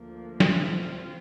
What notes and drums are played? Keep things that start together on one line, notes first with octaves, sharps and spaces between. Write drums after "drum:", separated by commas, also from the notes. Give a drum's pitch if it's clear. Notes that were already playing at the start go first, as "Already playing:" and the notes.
Already playing: D2 D3 F3 A#3
C4 F4, drum: snare